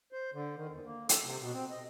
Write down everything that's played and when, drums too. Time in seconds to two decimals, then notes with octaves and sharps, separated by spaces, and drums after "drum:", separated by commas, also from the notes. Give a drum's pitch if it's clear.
0.12 C5
0.33 D3
0.56 D#3
0.70 E2
0.84 A#3
1.09 A4, drum: hi-hat
1.24 C3
1.41 B2
1.53 C4
1.71 D#5